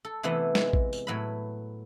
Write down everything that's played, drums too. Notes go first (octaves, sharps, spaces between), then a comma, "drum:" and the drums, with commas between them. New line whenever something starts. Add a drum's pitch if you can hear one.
A4
C3 E3 A3 B3 E4
G#3, drum: snare
drum: kick
drum: tambourine
A2 F#3 B4 E5 B5